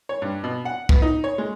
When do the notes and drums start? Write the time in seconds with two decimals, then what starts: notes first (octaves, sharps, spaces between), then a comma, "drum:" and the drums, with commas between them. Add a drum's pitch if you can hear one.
0.09 C#5
0.22 G2
0.44 B2
0.65 F#5
0.89 B3, drum: kick
1.02 D#4
1.24 C#5
1.38 G#3